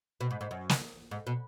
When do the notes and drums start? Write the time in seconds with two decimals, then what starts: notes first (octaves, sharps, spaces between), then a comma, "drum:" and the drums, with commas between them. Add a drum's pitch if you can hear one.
0.21 B2
0.31 G#2
0.41 G#2
0.51 F#2
0.69 drum: snare
1.11 G#2
1.27 B2